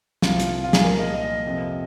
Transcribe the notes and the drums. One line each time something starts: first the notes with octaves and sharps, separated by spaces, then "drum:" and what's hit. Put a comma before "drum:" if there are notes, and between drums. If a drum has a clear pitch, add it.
C2 C3 F3 F4, drum: snare
drum: hi-hat
F4
G#4, drum: snare
C2 A#2 F3 A#4
D#5
D#5
F2 C3 F3